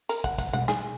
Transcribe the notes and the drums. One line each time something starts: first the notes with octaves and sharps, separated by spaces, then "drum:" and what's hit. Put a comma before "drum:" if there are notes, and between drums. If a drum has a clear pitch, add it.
A#4, drum: hi-hat
F#5, drum: kick
F#5, drum: kick, hi-hat
F#5, drum: tom B2
G#4, drum: snare